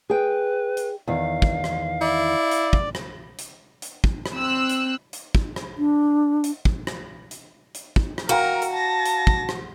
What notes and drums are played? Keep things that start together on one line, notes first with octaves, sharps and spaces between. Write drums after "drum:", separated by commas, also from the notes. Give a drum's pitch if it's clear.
G#4 B4 G5
drum: hi-hat
E2 D#3 F5
drum: kick
drum: rim click
E4 D5
drum: hi-hat
drum: kick
drum: rim click
drum: hi-hat
drum: hi-hat
drum: kick
drum: rim click
C4 E6 F#6
drum: hi-hat
drum: hi-hat
drum: kick
drum: rim click
D4
drum: hi-hat
drum: kick
drum: rim click
drum: hi-hat
drum: hi-hat
drum: kick
drum: rim click
F#4 A#4 F5 G5 A#5
drum: hi-hat
A5 A#6
drum: hi-hat
drum: kick
drum: rim click